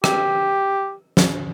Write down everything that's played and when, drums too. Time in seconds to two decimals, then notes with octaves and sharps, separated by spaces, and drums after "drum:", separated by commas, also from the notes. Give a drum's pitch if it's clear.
0.04 G4, drum: rim click
1.17 drum: snare